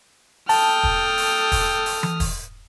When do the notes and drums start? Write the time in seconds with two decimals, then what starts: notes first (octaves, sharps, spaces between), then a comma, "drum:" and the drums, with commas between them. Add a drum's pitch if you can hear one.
0.49 A4 G5 A5 D#6 F6, drum: open hi-hat
0.83 drum: kick
1.18 drum: open hi-hat
1.52 drum: kick, open hi-hat
1.86 drum: open hi-hat
2.03 drum: tom E3
2.20 drum: kick, open hi-hat